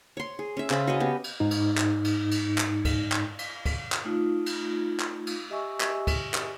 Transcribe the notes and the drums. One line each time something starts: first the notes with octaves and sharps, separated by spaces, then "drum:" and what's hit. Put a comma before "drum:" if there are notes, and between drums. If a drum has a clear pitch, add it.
C#5 C6
G#4
C#4 E5
C#3 C#4 C5 B5, drum: clap
F#4 B4 C#5 D#5
B3 G4
drum: cymbal
G#2 D#4
drum: cymbal
drum: clap
drum: cymbal
drum: cymbal
drum: clap
drum: kick, cymbal
drum: clap
drum: cymbal
drum: kick, cymbal
drum: clap
A3 D#4 F4
drum: cymbal
drum: clap
drum: cymbal
G4 D#5 E5 G#5 C#6 E6
drum: clap
drum: kick, cymbal
drum: clap